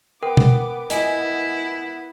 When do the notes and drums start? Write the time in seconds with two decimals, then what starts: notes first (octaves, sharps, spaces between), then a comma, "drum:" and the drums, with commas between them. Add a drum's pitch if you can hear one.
0.23 B3 A#4 G5 D6
0.37 drum: tom
0.90 B3 E4 D#5 G#5, drum: hi-hat